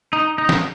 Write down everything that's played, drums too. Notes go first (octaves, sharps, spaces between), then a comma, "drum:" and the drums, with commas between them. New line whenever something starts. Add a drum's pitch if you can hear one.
D#4
D#4
drum: snare